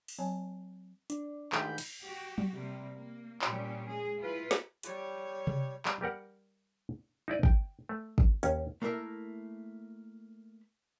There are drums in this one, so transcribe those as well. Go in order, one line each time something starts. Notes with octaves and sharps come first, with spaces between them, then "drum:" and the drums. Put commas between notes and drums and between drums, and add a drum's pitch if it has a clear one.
drum: open hi-hat
F#3 C4 C#5 G#5 A5
D4, drum: hi-hat
G#2 D#3 A3 F4 G4 B5 G6, drum: clap
drum: cymbal
F#4 G4
drum: tom
C3 G3 A#3
A#3
A#2 G3 C#4 G4, drum: clap
G#3 G#4
E4 F4 B4
drum: snare
G3 C#5, drum: hi-hat
drum: tom C3
G3, drum: clap
G3 G4 A#4 F#5
D#4 E4 D5 D#5
G5, drum: kick
A3
drum: kick
D#2 C#4, drum: hi-hat
A3 A#3 E4 A#4 E5